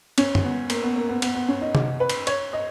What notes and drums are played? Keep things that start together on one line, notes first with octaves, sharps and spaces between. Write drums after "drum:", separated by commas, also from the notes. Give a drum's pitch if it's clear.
C#4, drum: cymbal
drum: tom
B3
A#3, drum: cymbal
B3
A#3
B3
B3, drum: cymbal
B3
C#4
D#4
drum: tom C3
B4
drum: cymbal
C#5, drum: cymbal
D#5